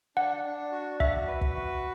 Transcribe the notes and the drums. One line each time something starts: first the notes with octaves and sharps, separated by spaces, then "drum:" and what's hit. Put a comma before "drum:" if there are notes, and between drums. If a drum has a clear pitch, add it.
D4 F#5
D4
F#4
F#4 E5, drum: kick
B4
drum: kick
F#4